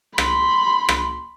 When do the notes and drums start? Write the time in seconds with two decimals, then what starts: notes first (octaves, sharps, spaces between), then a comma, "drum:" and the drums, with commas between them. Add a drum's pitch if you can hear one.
0.18 B5 C6, drum: rim click
0.89 drum: rim click